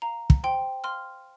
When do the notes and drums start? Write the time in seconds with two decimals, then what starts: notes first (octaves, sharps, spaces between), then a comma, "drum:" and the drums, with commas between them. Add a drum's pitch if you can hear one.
0.02 F5 A#5
0.30 drum: kick
0.43 C5 G5 C6
0.84 F5 C6 F6